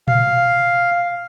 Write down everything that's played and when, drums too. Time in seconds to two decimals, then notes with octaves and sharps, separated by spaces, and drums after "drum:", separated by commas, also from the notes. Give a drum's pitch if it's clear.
0.08 F5, drum: tom A#2